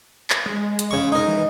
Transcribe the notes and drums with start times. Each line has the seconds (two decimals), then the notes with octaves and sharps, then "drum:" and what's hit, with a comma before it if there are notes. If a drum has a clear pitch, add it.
0.30 drum: clap
0.46 G#3
0.79 drum: hi-hat
0.91 C#3 C#6
1.12 D#4 A#4
1.28 E3